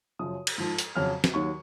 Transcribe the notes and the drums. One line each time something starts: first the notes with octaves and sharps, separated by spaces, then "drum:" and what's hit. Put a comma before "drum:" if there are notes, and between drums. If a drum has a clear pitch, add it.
F#2 C#3 F3 D#6
drum: cymbal
G#2 F3
drum: hi-hat
F2 C#3 F#3 F6
drum: snare
D#2 D#3 F#3 C#6